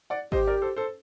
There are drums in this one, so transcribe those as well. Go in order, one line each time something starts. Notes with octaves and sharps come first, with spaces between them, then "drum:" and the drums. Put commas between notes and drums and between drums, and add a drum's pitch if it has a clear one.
D5 F#5
G4 C5 D#5, drum: kick G#1
A#4 D5
A4 C5
A4 C5